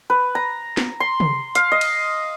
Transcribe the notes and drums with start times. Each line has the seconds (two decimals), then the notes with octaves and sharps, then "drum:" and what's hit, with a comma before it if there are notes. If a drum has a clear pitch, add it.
0.10 B4
0.35 A#5
0.77 drum: snare
1.00 C6
1.20 drum: tom
1.55 F5, drum: hi-hat
1.72 D#5
1.81 drum: cymbal